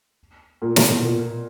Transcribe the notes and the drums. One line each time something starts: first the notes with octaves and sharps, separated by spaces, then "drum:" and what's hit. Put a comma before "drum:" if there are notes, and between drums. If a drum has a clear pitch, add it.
A#2
B2, drum: snare
B2
A#2